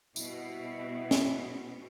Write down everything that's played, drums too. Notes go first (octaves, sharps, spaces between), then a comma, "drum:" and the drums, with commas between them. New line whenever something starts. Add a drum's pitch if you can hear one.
B2 G3 C4 E4, drum: tambourine
drum: snare